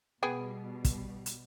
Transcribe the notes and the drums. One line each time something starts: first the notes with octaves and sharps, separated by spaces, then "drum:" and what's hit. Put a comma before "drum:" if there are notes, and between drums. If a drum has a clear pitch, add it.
B2 G3 B3 G#4 G5
drum: kick, hi-hat
drum: hi-hat